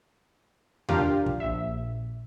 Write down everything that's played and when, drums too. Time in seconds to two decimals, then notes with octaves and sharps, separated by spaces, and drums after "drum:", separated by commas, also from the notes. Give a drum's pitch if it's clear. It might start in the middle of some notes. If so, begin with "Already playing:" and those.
0.89 D4 F4 G4 A#4 F5, drum: tom E2
1.26 drum: kick
1.40 A#1 E5